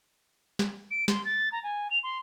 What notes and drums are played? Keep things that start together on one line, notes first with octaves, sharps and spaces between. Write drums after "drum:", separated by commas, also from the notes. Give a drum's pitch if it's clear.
drum: snare
D7
C6, drum: snare
A6
A#5
G#5
F7
C6